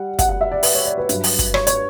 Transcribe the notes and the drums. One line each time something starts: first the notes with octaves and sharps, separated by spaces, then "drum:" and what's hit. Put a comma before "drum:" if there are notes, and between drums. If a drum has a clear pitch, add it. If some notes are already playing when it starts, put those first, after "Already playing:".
Already playing: G3 F#5
F#5, drum: kick, hi-hat
F#5
E5
D5
B4, drum: open hi-hat
C#5
D5
B4
G2 F#3, drum: hi-hat
drum: open hi-hat
drum: kick, hi-hat
C#5, drum: rim click
C#5, drum: hi-hat